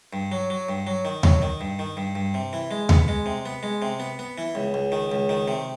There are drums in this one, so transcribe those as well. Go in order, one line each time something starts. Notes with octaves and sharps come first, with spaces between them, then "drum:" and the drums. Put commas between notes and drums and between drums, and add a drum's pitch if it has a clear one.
G2
F#3
F#3
G2
F#3
D#3
F#3, drum: tom D#2
D#3
G2
D#3
G2
G2
C3
E3
G#3
B3, drum: tom D#2
G#3
C3
B3
G#3
C3
B3
B3
E3
C#2
C#2
D#3
C#2
D#3
C3